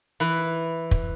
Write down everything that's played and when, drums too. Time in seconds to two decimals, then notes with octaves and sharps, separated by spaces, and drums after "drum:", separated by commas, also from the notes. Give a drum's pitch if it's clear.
0.20 E3 B4
0.91 drum: kick